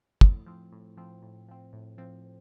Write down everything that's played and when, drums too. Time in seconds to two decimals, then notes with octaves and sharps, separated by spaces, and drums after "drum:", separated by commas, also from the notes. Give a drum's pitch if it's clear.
0.21 A2, drum: kick
0.46 F3 C4
0.72 A2
0.97 F3 C4
1.23 A2
1.48 F3 C4
1.73 A2
1.98 F3 C4